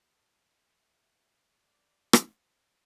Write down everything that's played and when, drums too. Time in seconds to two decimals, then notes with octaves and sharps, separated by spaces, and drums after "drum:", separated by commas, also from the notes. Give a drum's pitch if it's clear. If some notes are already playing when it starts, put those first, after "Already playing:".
0.12 A5
0.51 E5
1.64 D5
2.13 drum: rim click
2.29 C5